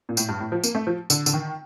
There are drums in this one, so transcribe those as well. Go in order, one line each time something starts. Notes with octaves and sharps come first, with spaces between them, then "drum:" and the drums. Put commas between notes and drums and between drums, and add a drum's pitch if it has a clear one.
A#2
A2, drum: tambourine
G2
A2
F3
A#3, drum: tambourine
A3
F3
D3, drum: tambourine
D3, drum: tambourine
D#3